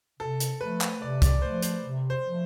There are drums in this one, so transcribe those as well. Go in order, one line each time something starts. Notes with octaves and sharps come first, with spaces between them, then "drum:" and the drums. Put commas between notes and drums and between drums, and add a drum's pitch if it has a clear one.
C3 A4
drum: hi-hat
F3 A3 B4
drum: clap
C3 D5
D5, drum: kick, hi-hat
F3 A3 C5
C5, drum: hi-hat
C3
C5
F3 A3